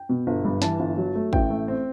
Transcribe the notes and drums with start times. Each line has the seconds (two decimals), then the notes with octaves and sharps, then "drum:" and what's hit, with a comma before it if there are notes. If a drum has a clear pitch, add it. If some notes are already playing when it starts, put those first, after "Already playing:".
Already playing: G5
0.09 B2
0.27 G1
0.45 G2
0.62 E3 A5, drum: snare
0.80 G1
0.97 F#3
1.15 A3
1.33 A1 G5, drum: kick
1.50 A3
1.68 C4